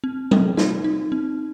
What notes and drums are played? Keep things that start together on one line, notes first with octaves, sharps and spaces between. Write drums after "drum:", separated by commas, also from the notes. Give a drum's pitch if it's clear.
C4
C4, drum: tom F#3
D#4, drum: snare
D#4
C4